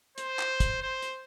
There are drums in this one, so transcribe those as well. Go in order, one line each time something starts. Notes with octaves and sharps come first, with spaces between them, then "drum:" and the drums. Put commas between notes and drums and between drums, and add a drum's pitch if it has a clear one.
C5, drum: hi-hat
drum: clap
drum: kick, hi-hat
C5
drum: hi-hat